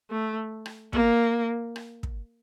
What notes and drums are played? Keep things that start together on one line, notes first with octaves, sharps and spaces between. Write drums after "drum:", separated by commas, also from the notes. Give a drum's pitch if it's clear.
A3
drum: rim click
A#3, drum: kick
drum: rim click
drum: kick